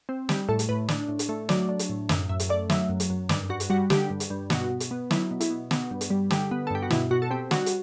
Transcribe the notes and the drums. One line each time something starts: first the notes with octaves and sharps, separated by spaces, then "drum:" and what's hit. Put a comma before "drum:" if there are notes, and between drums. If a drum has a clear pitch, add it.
C4
G3 G4, drum: snare
A2 A4
drum: hi-hat
A2 B4
D4, drum: snare
A2
drum: hi-hat
A3
F#3 D5, drum: snare
D4
drum: hi-hat
A2
F#2 E5, drum: snare
F#2 E5
drum: hi-hat
A3 D5
F#3 E5, drum: snare
F#2
drum: hi-hat
F#2
G2 D5, drum: snare
G2 F#4
drum: hi-hat
G3 F#4
D3 G4, drum: snare
G2
drum: hi-hat
G2
B2 F#4, drum: snare
B2
drum: hi-hat
B3
F#3 E4, drum: snare
B2
E4, drum: hi-hat
B2
B3 F#4, drum: snare
G2
drum: hi-hat
G3
D3 G4, drum: snare
B3
A4
G2 G4
F#4
B2 E4, drum: snare
B2 F#4
A4
C4 G4
G3 F#4, drum: snare
drum: hi-hat